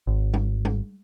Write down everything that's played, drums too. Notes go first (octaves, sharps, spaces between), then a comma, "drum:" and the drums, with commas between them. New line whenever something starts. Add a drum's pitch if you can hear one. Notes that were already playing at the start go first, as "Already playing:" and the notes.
G#1
drum: tom G3
drum: tom G3